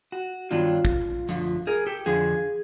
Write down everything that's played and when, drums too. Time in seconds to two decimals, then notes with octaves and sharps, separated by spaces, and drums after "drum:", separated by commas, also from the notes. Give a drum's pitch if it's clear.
0.12 F#4
0.51 G2 D#3 F#3 B3 D4 F4
0.85 drum: kick
1.29 F#2 D3 F3 A3, drum: hi-hat
1.67 G#4 A#4
1.87 G4 A4
2.06 F2 D3 F3 G#4